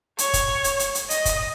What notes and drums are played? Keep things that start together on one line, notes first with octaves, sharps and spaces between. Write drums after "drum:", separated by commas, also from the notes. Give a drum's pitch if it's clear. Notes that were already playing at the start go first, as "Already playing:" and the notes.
C#5, drum: hi-hat
drum: kick, hi-hat
drum: hi-hat
drum: hi-hat
drum: hi-hat
D#5, drum: hi-hat
drum: kick, hi-hat